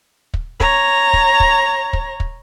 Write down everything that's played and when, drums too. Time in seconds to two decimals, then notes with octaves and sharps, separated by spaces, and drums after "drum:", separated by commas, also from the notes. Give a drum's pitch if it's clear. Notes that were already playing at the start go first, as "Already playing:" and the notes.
0.34 drum: kick
0.60 C#5 A#5, drum: kick
1.13 drum: kick
1.40 drum: kick
1.93 drum: kick
2.20 drum: kick